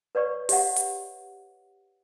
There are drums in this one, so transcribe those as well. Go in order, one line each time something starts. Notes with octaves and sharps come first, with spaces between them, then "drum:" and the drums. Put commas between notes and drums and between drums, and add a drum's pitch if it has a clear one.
B4 C#5 D5 C#6
G4 C#5 E5 F#5, drum: open hi-hat
drum: hi-hat